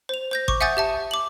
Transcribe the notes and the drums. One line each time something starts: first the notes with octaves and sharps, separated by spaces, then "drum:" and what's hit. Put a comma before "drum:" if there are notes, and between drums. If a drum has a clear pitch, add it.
C5 F7
C5 G6 A#6
C#6 D6, drum: kick G#1
E5 F#5 G#5 D#6 G6 A6
G4 E5 A5
D6 F#7